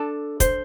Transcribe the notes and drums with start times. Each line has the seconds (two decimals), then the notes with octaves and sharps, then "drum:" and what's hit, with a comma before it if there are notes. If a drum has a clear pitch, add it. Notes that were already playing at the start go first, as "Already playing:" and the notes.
Already playing: D4 A4
0.40 C5, drum: kick, hi-hat